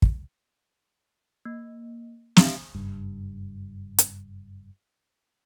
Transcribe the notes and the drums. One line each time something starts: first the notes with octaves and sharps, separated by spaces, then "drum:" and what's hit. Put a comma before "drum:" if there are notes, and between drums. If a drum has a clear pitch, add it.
drum: kick
A#3
G4 E5 F5, drum: snare
F#1 G2
drum: hi-hat